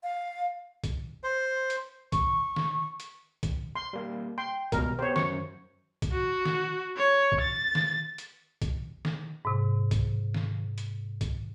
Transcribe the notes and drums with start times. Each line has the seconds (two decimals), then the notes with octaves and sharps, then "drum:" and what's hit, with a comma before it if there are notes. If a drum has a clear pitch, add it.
0.03 F5
0.84 drum: kick, hi-hat
1.24 C5
1.70 drum: hi-hat
2.12 C#6, drum: kick, hi-hat
2.56 drum: snare
3.00 drum: hi-hat
3.43 drum: kick, hi-hat
3.76 C6
3.93 G3 A#3
4.38 G5 C6
4.72 C#2 B2 G3 A#4, drum: kick, hi-hat
4.99 B3 G4 C5 C#5
5.16 F#2 C#6, drum: snare
6.02 drum: kick, hi-hat
6.13 F#4
6.45 drum: snare
6.97 C#5
7.32 drum: kick
7.41 A6
7.75 drum: snare
8.18 drum: hi-hat
8.62 drum: kick, hi-hat
9.05 drum: snare
9.45 G#2 C3
9.91 drum: kick, hi-hat
10.34 drum: snare
10.78 drum: hi-hat
11.21 drum: kick, hi-hat